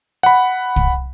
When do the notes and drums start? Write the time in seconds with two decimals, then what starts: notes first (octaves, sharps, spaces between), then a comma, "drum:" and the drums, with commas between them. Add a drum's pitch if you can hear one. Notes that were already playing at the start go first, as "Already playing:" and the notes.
0.23 F#5 B5
0.76 drum: kick